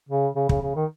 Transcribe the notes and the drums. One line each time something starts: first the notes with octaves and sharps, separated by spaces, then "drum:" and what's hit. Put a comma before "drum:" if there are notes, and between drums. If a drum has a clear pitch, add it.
C#3
C#3
C#3, drum: kick
C#3
D#3